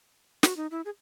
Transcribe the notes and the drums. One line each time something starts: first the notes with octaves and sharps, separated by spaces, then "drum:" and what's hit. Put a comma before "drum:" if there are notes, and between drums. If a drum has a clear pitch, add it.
F#4, drum: snare
D#4
E4
G#4